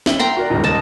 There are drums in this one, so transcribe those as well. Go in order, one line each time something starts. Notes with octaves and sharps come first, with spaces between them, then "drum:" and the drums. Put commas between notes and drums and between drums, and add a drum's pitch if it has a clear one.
E5 F#7 G7, drum: snare
G5 A#5 C6
F#4 A#4 D5
D#1 C#2
D#5 A5